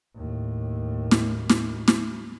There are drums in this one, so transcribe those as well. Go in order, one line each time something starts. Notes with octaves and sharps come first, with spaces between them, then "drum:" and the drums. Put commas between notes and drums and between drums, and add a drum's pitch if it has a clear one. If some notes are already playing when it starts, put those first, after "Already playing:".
D#2 A2
drum: snare
drum: snare
drum: snare